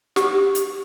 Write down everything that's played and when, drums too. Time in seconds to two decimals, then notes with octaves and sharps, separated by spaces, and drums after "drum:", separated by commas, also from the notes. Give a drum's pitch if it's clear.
0.16 G4, drum: snare
0.55 drum: hi-hat